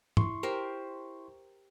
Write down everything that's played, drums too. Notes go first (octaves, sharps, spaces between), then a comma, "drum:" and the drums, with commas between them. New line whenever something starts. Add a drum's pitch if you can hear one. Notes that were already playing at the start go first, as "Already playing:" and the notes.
E4 C6 C#6, drum: tom
G4 A#4 C5